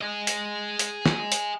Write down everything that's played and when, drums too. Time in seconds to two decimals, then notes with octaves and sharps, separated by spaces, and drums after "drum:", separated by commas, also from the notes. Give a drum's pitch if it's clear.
0.01 G#4 D#5
0.27 drum: hi-hat
0.79 drum: hi-hat
1.06 drum: snare
1.32 drum: hi-hat